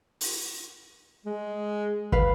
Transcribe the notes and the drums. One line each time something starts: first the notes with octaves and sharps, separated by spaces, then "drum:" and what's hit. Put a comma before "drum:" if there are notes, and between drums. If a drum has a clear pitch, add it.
drum: open hi-hat
G#3
B4 F5, drum: kick